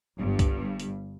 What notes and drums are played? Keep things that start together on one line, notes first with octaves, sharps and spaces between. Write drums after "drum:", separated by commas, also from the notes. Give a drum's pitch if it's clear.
G1 G2
drum: kick C2, hi-hat
drum: hi-hat